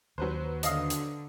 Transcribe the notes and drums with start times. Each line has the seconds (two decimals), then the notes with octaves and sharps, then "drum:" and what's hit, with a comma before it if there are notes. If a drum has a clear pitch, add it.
0.18 D#2 F#3 B4 C5
0.63 D3 D#5 F5 D#6, drum: hi-hat
0.90 drum: hi-hat